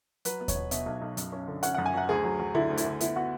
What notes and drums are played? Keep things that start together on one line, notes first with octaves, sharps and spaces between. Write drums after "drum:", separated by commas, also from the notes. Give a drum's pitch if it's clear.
F#3 B4, drum: hi-hat
B3
C#5, drum: kick D#2, hi-hat
B2
B2 E5, drum: hi-hat
B1
B1
F#2, drum: hi-hat
C#4
D3
C#4 F#5, drum: hi-hat
F#2 F#5
G#5
F#3 F#5
D2 G#4
F#3
F#3
D3 E4
D2
E4, drum: hi-hat
D3
B3 E4, drum: hi-hat
B3 F#4